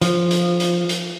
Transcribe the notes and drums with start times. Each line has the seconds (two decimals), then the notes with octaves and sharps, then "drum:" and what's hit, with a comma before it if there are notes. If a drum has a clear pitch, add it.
0.01 F3, drum: hi-hat
0.31 drum: hi-hat
0.60 drum: hi-hat
0.89 drum: hi-hat